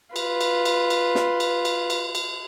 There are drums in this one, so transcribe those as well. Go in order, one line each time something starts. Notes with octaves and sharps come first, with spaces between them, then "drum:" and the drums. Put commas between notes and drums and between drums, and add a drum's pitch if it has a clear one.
F4 B4, drum: cymbal
drum: cymbal
drum: cymbal
drum: cymbal
drum: snare
drum: cymbal
drum: cymbal
drum: cymbal
drum: cymbal